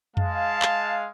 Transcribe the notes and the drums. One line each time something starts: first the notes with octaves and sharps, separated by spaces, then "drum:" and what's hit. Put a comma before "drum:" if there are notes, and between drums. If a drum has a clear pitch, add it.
G#3 F5 A5, drum: tom F2
drum: clap